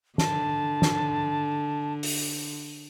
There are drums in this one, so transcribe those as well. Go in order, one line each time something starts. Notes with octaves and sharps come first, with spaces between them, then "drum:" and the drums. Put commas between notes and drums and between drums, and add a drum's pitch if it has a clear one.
D3 A5, drum: snare
drum: snare
drum: open hi-hat